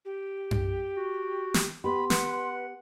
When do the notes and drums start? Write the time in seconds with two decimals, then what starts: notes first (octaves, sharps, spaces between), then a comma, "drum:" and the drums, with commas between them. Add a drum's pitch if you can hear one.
0.05 G4
0.51 drum: tom F#2
0.96 F#4
1.54 drum: snare
1.84 B3 G4 B5 C6
2.10 B4 F#5, drum: snare